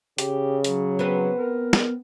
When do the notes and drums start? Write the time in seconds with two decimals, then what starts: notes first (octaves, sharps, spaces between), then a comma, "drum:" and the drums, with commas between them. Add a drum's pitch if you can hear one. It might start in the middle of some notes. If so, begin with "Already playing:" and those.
0.18 C#3 G4, drum: hi-hat
0.64 F#3, drum: hi-hat
0.99 B3 C4 B4
1.38 A#4
1.73 drum: snare